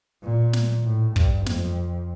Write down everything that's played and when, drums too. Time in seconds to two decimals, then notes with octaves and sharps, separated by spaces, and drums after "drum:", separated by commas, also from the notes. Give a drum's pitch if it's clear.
0.23 A#2
0.53 drum: snare
0.85 A2
1.16 G2, drum: kick
1.46 F2, drum: snare